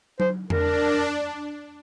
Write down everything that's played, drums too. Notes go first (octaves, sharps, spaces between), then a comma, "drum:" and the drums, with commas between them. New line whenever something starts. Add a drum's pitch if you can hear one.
C5, drum: tom F#3
D4 A#4, drum: tom E2